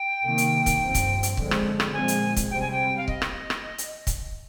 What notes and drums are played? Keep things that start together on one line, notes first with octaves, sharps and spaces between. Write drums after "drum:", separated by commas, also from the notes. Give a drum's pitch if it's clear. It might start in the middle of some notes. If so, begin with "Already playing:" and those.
Already playing: G5
C3 D#3 A#3
drum: hi-hat
drum: kick C#1, hi-hat
G2 F3 C4
drum: kick C#1, hi-hat
drum: hi-hat
D3 F3 G#3 C4, drum: kick C#1
drum: rim click
drum: rim click
A#2 F3 G#3 C4 G#5
drum: hi-hat
drum: kick C#1, hi-hat
C3 G3 C4 G5
G#5
G5
F5
D#5, drum: kick C#1
drum: rim click
drum: rim click
drum: hi-hat
drum: kick C#1, hi-hat